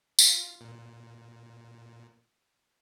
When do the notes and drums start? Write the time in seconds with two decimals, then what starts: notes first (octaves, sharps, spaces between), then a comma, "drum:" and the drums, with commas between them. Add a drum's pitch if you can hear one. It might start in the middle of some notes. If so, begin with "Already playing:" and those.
0.19 F4, drum: tambourine
0.61 A#2